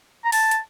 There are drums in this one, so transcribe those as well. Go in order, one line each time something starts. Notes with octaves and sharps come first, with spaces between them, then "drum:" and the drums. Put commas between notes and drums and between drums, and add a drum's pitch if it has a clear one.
A#5
A5, drum: open hi-hat
drum: hi-hat